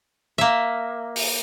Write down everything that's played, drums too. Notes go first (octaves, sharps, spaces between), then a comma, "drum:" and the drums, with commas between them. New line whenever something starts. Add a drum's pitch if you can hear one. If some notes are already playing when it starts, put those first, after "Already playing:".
A#3 E5
drum: open hi-hat